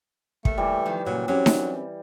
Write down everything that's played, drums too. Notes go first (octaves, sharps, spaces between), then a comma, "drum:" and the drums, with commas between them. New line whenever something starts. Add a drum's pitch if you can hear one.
D#2 A3, drum: kick
E3 G3
D#3 F3
A#2 C#3 F#3
F#3 C4 C#4 G4
drum: snare D#4